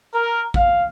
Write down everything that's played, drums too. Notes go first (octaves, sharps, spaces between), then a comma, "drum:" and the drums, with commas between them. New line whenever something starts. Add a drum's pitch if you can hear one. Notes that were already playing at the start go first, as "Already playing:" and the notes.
A#4
F5, drum: kick A1